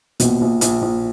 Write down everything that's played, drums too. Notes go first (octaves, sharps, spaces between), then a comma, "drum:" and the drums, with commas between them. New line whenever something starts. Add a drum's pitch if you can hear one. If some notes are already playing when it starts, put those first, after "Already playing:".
A#1 B2, drum: hi-hat
A#1
A#1, drum: hi-hat
A#1